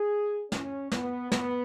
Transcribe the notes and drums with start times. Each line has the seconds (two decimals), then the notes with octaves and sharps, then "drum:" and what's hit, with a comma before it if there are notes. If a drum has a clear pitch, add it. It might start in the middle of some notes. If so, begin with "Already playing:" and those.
Already playing: G#4
0.52 C#4, drum: snare
0.92 B3, drum: snare
1.32 B3, drum: snare